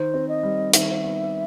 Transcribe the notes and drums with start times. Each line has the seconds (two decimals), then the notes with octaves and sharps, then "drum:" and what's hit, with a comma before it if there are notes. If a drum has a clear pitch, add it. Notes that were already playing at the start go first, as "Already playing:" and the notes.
Already playing: D#3 C5
0.14 C4
0.29 D#5
0.43 G3
0.73 D#3 E5, drum: hi-hat
1.04 B3